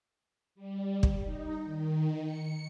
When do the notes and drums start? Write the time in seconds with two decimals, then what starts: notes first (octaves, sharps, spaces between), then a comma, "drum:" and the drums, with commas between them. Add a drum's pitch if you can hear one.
0.55 G3
1.03 drum: kick
1.24 D#4
1.65 D#3
2.24 C#7